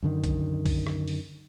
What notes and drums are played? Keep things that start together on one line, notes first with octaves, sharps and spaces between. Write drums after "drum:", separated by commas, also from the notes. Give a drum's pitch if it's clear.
F#2 D3 D#3
drum: kick, hi-hat
drum: kick, open hi-hat
drum: rim click
drum: open hi-hat